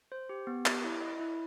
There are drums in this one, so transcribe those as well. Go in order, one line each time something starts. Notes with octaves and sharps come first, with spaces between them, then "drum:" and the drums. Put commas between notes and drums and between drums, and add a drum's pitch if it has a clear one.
C5
G4
B3
G4, drum: clap
E4
D#5
E4